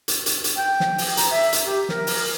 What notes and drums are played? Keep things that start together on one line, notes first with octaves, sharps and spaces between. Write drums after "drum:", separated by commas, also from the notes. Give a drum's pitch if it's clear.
drum: hi-hat
drum: hi-hat
drum: hi-hat
G5
drum: snare
drum: open hi-hat
A#5, drum: hi-hat
E5
drum: hi-hat
G4
A#4, drum: snare
drum: open hi-hat